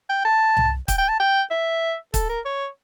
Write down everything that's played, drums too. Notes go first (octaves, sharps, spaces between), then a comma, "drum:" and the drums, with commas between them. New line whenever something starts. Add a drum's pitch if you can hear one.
G5
A5
drum: tom C2
G5, drum: kick, hi-hat
G5
A5
G5
E5
A4, drum: kick, hi-hat
A#4
C#5